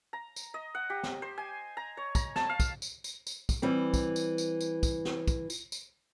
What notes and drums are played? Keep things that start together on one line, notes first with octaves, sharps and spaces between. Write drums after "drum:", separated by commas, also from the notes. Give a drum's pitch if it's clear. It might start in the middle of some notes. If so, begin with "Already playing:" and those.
A#5
drum: tambourine
D#5
F#5
G4
drum: snare
C5
G#5
A#5
C#5
A#5, drum: kick, tambourine
A5, drum: snare
F5
drum: kick, tambourine
drum: tambourine
drum: tambourine
drum: tambourine
drum: kick, tambourine
E3 G3 C4
drum: kick, tambourine
drum: tambourine
drum: tambourine
drum: tambourine
drum: kick, tambourine
drum: snare
drum: kick, tambourine
drum: tambourine
drum: tambourine